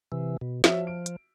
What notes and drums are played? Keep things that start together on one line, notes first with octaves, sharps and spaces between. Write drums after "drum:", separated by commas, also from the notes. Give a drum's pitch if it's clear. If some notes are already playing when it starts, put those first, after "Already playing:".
C3 E3
B2
F3 F#4 C#5 E5, drum: snare
D7
drum: hi-hat